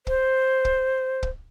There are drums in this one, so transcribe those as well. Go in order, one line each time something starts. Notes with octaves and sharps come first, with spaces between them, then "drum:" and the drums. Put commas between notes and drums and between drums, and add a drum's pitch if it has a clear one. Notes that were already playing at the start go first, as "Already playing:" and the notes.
C5, drum: kick
drum: kick
drum: kick